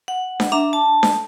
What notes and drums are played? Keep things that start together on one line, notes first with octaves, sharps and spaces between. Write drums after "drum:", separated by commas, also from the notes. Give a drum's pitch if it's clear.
F#5
drum: snare D4
D4 E5 A#5
A5
drum: snare D4